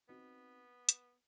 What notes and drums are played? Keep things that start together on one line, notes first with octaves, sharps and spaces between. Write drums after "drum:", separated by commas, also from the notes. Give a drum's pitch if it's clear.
B3 C4 D#4 F#4
drum: hi-hat